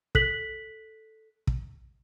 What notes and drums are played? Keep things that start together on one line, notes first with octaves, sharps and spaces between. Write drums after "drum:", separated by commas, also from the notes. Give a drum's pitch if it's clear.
A4 F#6 B6 F#7, drum: kick
drum: kick